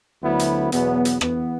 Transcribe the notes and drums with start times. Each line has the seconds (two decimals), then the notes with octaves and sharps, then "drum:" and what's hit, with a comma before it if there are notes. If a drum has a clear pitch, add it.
0.22 D2 D3 F#3 B3 E4
0.39 drum: hi-hat
0.72 E2 B2 F#3 B3, drum: hi-hat
1.05 drum: hi-hat
1.21 E2 E3 B3, drum: rim click